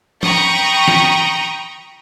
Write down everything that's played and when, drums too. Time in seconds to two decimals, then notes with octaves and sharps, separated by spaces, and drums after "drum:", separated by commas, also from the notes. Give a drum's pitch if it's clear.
0.23 G5 A#5 B5 C#6 D#6, drum: tom
0.88 drum: snare